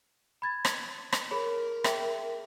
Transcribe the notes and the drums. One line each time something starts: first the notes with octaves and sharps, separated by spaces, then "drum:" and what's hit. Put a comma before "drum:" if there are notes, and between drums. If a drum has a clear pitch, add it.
B5 G#6 A6
drum: rim click
drum: rim click
G#4 A#4 C#5 B5
G#4 E5 G5, drum: rim click